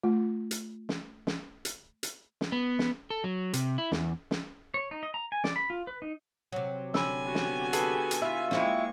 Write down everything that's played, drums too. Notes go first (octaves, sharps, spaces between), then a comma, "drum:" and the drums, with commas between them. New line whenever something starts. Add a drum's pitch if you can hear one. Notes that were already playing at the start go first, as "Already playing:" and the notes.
A3 F4
drum: hi-hat
drum: snare
drum: snare
drum: hi-hat
drum: hi-hat
drum: snare
B3
drum: snare
A4
F#3
C3, drum: hi-hat
E4
E2, drum: snare
drum: snare
C#5
D#4
D#5
A#5
G#5
D5, drum: snare
B5
F4
B4
D#4
C3 F#3
D3 G#5 B5 E6, drum: snare
B3 F#4 G4
drum: snare
G#4 A4 B4, drum: hi-hat
drum: hi-hat
E4 F4 E5
G#3 A#3 C4 E4 C#6, drum: snare